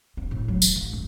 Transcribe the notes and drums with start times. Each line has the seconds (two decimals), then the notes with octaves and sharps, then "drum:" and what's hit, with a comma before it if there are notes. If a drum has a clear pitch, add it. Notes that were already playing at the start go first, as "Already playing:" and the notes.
0.17 C4
0.31 A2
0.48 F#3
0.62 E3, drum: tambourine
0.76 A1
0.93 D#3